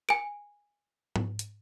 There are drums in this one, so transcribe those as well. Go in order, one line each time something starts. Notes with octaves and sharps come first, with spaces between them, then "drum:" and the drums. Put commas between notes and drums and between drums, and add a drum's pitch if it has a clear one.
G#5 D7
drum: tom G#2
drum: hi-hat